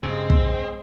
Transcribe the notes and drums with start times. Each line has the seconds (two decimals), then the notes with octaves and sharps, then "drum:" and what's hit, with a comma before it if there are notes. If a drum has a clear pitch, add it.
0.03 G2 C#3 G#3 C4
0.30 drum: kick